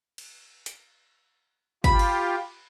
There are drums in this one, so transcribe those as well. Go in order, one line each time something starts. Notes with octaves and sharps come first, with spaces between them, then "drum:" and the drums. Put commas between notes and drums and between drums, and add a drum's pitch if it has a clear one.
drum: cymbal
drum: hi-hat
F4 G4 B5, drum: kick
drum: cymbal